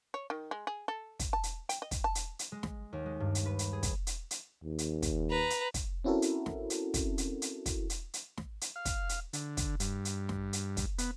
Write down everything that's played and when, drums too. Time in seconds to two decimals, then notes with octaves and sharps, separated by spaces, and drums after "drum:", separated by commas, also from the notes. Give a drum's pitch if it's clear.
0.14 C#5
0.30 D#3
0.51 G#3
0.67 G#4
0.88 A4
1.19 drum: kick, hi-hat
1.33 A5
1.43 drum: hi-hat
1.69 G5, drum: hi-hat
1.82 D#5
1.91 drum: kick, hi-hat
2.04 A5
2.15 drum: hi-hat
2.39 drum: hi-hat
2.52 G#3
2.63 drum: snare
2.93 D#2
3.06 G#3
3.20 G2
3.35 drum: hi-hat
3.46 B4
3.59 drum: hi-hat
3.73 G#4
3.83 drum: kick, hi-hat
4.07 drum: hi-hat
4.31 drum: hi-hat
4.63 D#2
4.78 drum: hi-hat
5.02 drum: kick, hi-hat
5.30 B4 A#5
5.50 drum: hi-hat
5.74 drum: kick, hi-hat
6.04 C4 C#4 E4 F#4 A4 A#4
6.22 drum: hi-hat
6.46 drum: snare
6.70 drum: hi-hat
6.94 drum: kick, hi-hat
7.18 drum: hi-hat
7.42 drum: hi-hat
7.66 drum: kick, hi-hat
7.90 drum: hi-hat
8.14 drum: hi-hat
8.37 drum: snare
8.61 drum: hi-hat
8.76 F5
8.85 drum: kick, hi-hat
9.09 drum: hi-hat
9.33 D3, drum: hi-hat
9.57 drum: kick, hi-hat
9.80 G2, drum: hi-hat
10.05 drum: hi-hat
10.29 drum: snare
10.53 drum: hi-hat
10.77 drum: kick, hi-hat
10.98 B3, drum: hi-hat